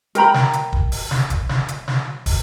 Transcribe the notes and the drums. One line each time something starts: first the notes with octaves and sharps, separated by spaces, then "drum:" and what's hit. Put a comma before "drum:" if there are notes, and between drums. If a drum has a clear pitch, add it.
A#4 G5 A#5 B5, drum: hi-hat
drum: snare
drum: hi-hat
drum: kick
drum: open hi-hat
drum: snare
drum: kick, hi-hat
drum: snare
drum: hi-hat
drum: snare
drum: kick, open hi-hat